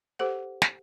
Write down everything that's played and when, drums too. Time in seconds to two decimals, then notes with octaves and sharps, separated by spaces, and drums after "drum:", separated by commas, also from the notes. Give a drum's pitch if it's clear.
0.19 G4 A4 C5 F#5
0.62 drum: snare